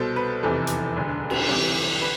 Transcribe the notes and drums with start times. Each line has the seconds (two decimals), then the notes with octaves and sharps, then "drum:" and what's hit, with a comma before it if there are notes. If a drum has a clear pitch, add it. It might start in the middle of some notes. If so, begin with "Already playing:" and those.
Already playing: C2 B2 A4 C5
0.16 B4
0.43 F1 E2 C3 E3 A4
0.67 drum: hi-hat
0.96 E1 D2 D3
1.30 drum: cymbal
1.49 C2 C3 E3
2.01 B4